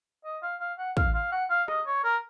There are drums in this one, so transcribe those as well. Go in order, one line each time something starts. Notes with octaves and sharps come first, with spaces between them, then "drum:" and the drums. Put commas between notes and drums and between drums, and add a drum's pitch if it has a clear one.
D#5
F5
F5
F#5
F5, drum: kick
F5
F#5
F5
D#5, drum: rim click
C#5
A#4